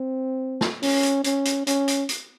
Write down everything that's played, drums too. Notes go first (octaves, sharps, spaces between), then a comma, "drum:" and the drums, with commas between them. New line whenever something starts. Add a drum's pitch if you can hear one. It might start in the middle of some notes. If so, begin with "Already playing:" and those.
Already playing: C4
drum: snare
C#4, drum: open hi-hat
drum: hi-hat
C#4, drum: hi-hat
drum: hi-hat
C#4, drum: hi-hat
drum: hi-hat
drum: hi-hat